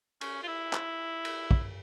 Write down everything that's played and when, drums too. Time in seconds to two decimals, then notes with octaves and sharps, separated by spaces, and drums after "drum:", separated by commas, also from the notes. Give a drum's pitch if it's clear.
0.21 C#4, drum: cymbal
0.43 F4
0.48 E4
0.73 drum: clap
1.25 drum: cymbal
1.51 drum: kick